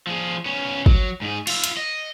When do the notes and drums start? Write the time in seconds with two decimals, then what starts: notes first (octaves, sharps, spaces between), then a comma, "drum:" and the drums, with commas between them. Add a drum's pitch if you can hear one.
0.07 F3 G#4
0.46 B3 C#4
0.86 F#3, drum: kick
1.22 G#2 G#4
1.47 F4 E5, drum: cymbal
1.64 drum: hi-hat
1.77 D#5